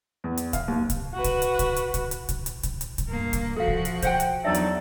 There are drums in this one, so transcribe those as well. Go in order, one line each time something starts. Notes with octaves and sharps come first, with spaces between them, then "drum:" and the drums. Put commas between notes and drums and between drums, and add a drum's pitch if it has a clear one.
E2
drum: hi-hat
F5, drum: kick B1, hi-hat
D#2
drum: kick B1, hi-hat
F#4 B4
drum: kick B1, hi-hat
drum: hi-hat
drum: kick B1, hi-hat
drum: hi-hat
drum: kick B1, hi-hat
drum: hi-hat
drum: kick B1, hi-hat
drum: hi-hat
drum: kick B1, hi-hat
drum: hi-hat
drum: kick B1, hi-hat
G2 A#3
drum: kick B1, hi-hat
F3 F#4 A4 F5
drum: kick B1
drum: hi-hat
C5 F#5 G5, drum: kick B1, hi-hat
drum: hi-hat
E2 F#3 D4 D#4 A4 E5
drum: hi-hat